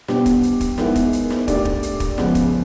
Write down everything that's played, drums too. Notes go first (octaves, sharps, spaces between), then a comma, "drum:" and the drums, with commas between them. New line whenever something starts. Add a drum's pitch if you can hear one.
B2 G3 B3 D4 G4, drum: snare
drum: kick, hi-hat
drum: hi-hat
drum: kick, hi-hat
D#3 G#3 B3 E4, drum: snare
drum: kick, hi-hat
drum: hi-hat
drum: snare
A3 D4 G4 A#4 D5, drum: kick, hi-hat
drum: kick
drum: hi-hat
drum: kick, hi-hat
C#3 F3 G#3 B3, drum: snare
drum: kick, hi-hat